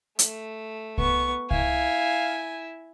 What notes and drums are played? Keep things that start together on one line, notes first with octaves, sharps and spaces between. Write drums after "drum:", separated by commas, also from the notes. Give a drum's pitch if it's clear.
A3, drum: hi-hat
B3 C#6, drum: kick C2
E4 F5 G#5, drum: kick C2